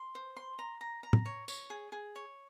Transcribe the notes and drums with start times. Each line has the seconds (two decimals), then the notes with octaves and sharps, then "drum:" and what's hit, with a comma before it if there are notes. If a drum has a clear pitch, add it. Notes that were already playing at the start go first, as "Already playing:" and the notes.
Already playing: C6
0.15 C5
0.37 C6
0.59 A#5
0.81 A#5
1.03 A#5
1.13 drum: tom
1.26 C#5
1.48 C#5, drum: tambourine
1.70 G#4
1.92 G#4
2.16 C#5